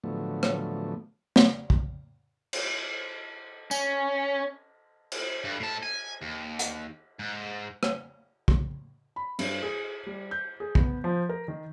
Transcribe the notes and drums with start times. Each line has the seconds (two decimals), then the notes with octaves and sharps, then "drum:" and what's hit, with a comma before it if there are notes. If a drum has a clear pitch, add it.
0.04 A2 D3 F3 F#3 A3 B3
0.43 drum: rim click
1.36 drum: snare
1.70 drum: kick
2.53 drum: cymbal
3.71 C#4, drum: tambourine
5.12 drum: cymbal
5.44 G2
5.60 A2 A5
5.83 G#5
6.22 D#2
6.59 drum: hi-hat
7.19 G#2
7.83 drum: rim click
8.48 drum: kick
9.16 B5
9.39 G2, drum: cymbal
9.62 G#4
10.06 G3
10.31 G6
10.60 G#4
10.75 B3, drum: kick
11.04 F3
11.29 A#4
11.48 D#3